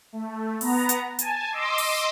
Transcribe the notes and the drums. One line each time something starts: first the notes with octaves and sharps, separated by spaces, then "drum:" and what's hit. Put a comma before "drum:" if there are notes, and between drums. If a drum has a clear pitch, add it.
A3
B3 A#5, drum: open hi-hat
drum: hi-hat
G#5 A5, drum: hi-hat
D#5 C6 D6 E6
drum: open hi-hat